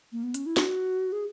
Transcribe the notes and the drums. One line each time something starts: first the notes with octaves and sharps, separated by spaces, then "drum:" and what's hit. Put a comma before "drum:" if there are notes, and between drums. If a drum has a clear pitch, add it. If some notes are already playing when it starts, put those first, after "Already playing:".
A#3
B3
C#4, drum: hi-hat
E4
F#4, drum: snare
G#4